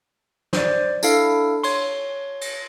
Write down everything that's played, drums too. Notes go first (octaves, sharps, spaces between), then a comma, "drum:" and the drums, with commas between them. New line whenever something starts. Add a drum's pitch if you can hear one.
C5 D5, drum: snare
D4 E4 A4 F5, drum: tambourine
C#5 C6, drum: cymbal
drum: cymbal